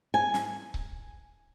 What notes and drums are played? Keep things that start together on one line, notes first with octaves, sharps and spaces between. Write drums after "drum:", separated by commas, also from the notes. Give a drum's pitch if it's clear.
G#5
drum: snare
drum: kick C#1